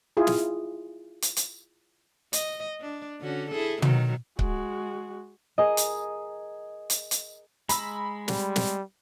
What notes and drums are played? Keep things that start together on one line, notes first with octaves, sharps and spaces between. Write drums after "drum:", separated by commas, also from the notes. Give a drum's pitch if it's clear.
E4 F4 G#4
drum: snare
drum: hi-hat
drum: hi-hat
D#5, drum: hi-hat
D4
D3 C#4 F#4
E4 G#4 A4
B2 D#3 F#3, drum: tom
G#3 F#4, drum: kick C#1
G#4 A#4 D#5
drum: hi-hat
drum: hi-hat
drum: hi-hat
G#3 A#5 B5 E6, drum: hi-hat
G3, drum: snare
drum: snare